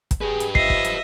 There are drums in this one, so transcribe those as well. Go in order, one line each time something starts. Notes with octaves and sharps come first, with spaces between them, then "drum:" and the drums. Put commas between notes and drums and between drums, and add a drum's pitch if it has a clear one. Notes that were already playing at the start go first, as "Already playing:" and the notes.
drum: kick, hi-hat
G4 G#4 B4
drum: hi-hat
F3 D#5 E5 C7, drum: kick
drum: kick
drum: hi-hat